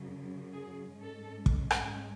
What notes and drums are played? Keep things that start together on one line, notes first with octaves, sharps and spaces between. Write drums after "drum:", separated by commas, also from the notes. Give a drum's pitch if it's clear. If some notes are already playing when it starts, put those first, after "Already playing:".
Already playing: F#2 C#3 F#3
G#4
G#2 G#3 C#4 A4
drum: kick
drum: rim click